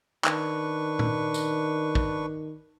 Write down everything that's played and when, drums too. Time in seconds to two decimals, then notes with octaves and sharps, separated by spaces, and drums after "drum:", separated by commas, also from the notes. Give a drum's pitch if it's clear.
0.24 D#3 D4 B4 C#6, drum: clap
0.99 drum: tom
1.34 drum: tambourine
1.95 drum: kick